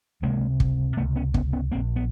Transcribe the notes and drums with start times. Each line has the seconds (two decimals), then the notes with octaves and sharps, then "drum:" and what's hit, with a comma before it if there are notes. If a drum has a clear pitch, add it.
0.22 C#2 C3 G#3 A#3
0.60 drum: kick
0.97 C#2 C3 A3 B3
1.16 B3 C#4
1.34 B3 C#4, drum: kick
1.53 B3 C#4
1.71 A#1 A#2 A#3 C4
1.96 B3